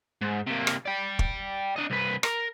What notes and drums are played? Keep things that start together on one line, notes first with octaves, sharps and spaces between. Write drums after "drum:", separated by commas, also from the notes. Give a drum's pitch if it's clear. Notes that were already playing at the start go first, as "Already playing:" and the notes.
G#2
C3 A#3
drum: rim click
D5 G5
drum: kick
D4 D#5
C2 B4
A#4, drum: rim click